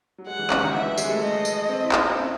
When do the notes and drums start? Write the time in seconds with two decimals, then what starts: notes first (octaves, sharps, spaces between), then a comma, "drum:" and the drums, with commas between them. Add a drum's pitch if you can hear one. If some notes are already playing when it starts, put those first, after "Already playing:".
0.18 F#3
0.27 G#3 F#5
0.39 E3
0.50 C#3, drum: clap
0.63 D#3
0.74 E3 E5
0.86 F#3
0.98 G#3, drum: tambourine
1.09 A3
1.21 A3 D#5
1.45 drum: tambourine
1.69 C4
1.83 E4
1.92 D#4, drum: clap
2.09 C4
2.16 C#4